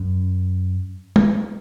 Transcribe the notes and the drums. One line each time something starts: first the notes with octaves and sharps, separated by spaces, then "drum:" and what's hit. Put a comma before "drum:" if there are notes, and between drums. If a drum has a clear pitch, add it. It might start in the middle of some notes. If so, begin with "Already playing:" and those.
Already playing: F#2
drum: tom G#3